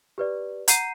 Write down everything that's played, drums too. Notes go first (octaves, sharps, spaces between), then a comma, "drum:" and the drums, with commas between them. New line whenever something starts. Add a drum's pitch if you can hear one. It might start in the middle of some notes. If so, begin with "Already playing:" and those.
G4 B4 D5
F#5 A#5 G6 C7 D#7, drum: hi-hat